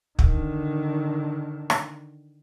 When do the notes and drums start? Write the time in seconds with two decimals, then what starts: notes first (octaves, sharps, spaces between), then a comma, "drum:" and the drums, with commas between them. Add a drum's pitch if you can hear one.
0.19 D3 D#3, drum: kick
1.70 drum: rim click